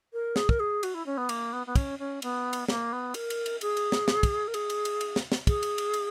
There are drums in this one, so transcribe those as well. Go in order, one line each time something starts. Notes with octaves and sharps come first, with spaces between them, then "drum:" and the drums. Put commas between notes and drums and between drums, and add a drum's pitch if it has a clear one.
A#4
G#4, drum: snare
A#4, drum: kick
G#4
F#4, drum: cymbal
E4
C#4
B3
A#3, drum: cymbal
B3
B3
C#4, drum: kick, cymbal
C#4
B3, drum: cymbal
drum: cymbal
A#3, drum: snare
B3
A#4, drum: cymbal
drum: cymbal
drum: cymbal
G#4, drum: cymbal
drum: cymbal
drum: snare
drum: snare
drum: kick, cymbal
A#4
G#4, drum: cymbal
drum: cymbal
drum: cymbal
drum: cymbal
drum: snare
drum: snare
G#4, drum: kick, cymbal
drum: cymbal
drum: cymbal
drum: cymbal